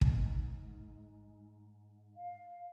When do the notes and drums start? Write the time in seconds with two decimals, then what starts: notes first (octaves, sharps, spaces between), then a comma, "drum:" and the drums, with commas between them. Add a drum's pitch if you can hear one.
0.01 G#2, drum: kick
2.16 F5